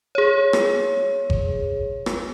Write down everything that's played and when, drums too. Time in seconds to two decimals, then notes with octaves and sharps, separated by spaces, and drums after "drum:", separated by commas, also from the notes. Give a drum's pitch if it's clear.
0.15 G#4 C#5
0.53 drum: rim click
1.30 drum: kick G1
2.06 drum: rim click